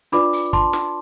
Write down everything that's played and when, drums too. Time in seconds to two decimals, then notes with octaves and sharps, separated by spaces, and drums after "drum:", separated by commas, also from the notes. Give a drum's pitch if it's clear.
0.12 D4 F4 B4 D5 B5 D6, drum: hi-hat
0.33 drum: open hi-hat
0.53 A5 C6, drum: kick, hi-hat
0.73 drum: snare